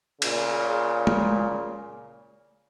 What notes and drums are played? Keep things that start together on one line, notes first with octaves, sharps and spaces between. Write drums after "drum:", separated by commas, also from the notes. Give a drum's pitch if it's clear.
A#2 C#3, drum: cymbal
drum: tom G#3